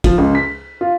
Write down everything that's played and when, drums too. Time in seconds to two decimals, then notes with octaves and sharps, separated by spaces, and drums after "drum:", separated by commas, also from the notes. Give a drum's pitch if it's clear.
0.04 F3, drum: kick, cymbal
0.18 C#2
0.35 B6
0.81 F4